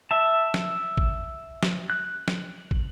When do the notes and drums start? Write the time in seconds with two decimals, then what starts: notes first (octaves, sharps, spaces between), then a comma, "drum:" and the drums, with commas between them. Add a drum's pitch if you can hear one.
0.11 E5 A5
0.54 drum: snare
0.97 drum: kick
1.63 drum: snare
1.90 F#6
2.28 drum: snare
2.71 drum: kick